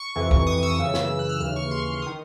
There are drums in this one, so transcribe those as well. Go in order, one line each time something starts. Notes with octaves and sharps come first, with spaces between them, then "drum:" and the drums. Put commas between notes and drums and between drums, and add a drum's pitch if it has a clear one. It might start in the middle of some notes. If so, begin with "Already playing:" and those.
Already playing: C#6
F2 C3 E3
drum: kick
D#6
E6
F#2 C#3 E3
drum: snare
F#6
F6
D#2 C#3 E3 F6
C#6
C6
C#6
D#6
D#3